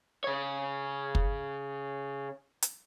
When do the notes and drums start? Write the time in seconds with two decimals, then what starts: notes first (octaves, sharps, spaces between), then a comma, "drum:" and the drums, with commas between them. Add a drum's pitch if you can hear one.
0.24 C#3 C#5
1.15 drum: kick
2.62 drum: hi-hat